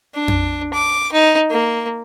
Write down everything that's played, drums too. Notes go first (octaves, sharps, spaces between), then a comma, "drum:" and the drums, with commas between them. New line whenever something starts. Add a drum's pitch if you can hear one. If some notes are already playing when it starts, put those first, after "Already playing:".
D4
drum: tom F2
D6
D#4
A#3